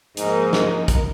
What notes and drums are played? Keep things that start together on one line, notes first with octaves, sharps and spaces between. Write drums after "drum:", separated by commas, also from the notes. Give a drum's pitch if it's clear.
G#2 F3 A#3 D#4 A#4, drum: hi-hat
drum: snare
drum: kick, hi-hat